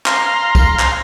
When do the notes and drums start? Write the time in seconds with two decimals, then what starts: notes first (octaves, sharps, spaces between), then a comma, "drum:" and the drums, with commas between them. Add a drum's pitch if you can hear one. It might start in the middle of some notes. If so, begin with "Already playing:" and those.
0.06 F5 A#5 C6, drum: clap
0.55 drum: kick B1, tambourine
0.79 drum: clap